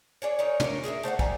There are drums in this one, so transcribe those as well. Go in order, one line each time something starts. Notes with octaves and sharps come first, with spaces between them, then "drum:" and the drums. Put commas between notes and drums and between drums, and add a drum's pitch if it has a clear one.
D4 G#4 C#5
D#4 A#4 C#5
A#3 A#4 C5 C#5, drum: tom
G#4 A#4 D5 E5
A3 C5 D5 F#5
D#3 G3 G#5 A#5, drum: kick